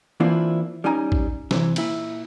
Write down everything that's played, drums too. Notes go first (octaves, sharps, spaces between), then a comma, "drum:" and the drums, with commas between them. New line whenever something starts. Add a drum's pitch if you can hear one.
E3 A#3 C4 D4 E4 F4
G3 C#4 D#4 G#5 A#5
drum: kick A1
C3 E3, drum: snare
A#2 E4, drum: cymbal